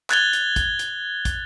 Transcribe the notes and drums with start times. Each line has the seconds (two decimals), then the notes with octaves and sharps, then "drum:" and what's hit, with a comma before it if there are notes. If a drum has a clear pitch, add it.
0.10 F#6 G#6 A6 F7 G7, drum: clap
0.33 drum: hi-hat
0.56 drum: kick, hi-hat
0.79 drum: hi-hat
1.25 drum: kick, hi-hat